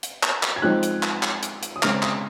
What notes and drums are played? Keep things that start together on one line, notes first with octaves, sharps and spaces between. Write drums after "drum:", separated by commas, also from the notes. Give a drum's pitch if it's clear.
drum: hi-hat
drum: clap
drum: clap
G#6
F3 G#3 C4 D#4 F#6
drum: hi-hat
drum: clap
drum: clap
drum: hi-hat
drum: hi-hat
D#6
C#3 G#3 C4 F6, drum: clap
D#6, drum: clap